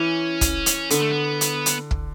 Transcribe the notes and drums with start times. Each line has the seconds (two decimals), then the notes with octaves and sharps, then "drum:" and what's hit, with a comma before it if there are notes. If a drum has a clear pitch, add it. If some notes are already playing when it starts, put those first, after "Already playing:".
Already playing: E3 C#4
0.41 drum: kick, hi-hat
0.66 drum: hi-hat
0.90 D3 B3, drum: hi-hat
1.01 A3
1.10 B3
1.41 drum: hi-hat
1.66 drum: hi-hat
1.91 drum: kick